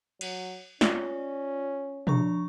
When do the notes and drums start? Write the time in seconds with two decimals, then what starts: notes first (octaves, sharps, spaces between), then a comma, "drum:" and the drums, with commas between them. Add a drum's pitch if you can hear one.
0.21 F#3, drum: cymbal
0.81 C#4 F4 D5, drum: snare
2.07 F3 D4 C#6, drum: tom